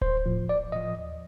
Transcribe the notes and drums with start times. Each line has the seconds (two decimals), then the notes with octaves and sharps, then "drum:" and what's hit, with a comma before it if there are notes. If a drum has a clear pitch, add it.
0.01 A1 C5, drum: kick D1
0.26 A2 F3
0.49 A1 D5
0.72 A2 F3 D#5
0.97 D#2